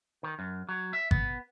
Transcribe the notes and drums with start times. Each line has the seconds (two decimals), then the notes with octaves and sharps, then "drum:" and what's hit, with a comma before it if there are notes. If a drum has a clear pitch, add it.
0.23 D#3
0.39 F#2
0.69 F#3
0.93 E5
1.11 B3, drum: kick G#1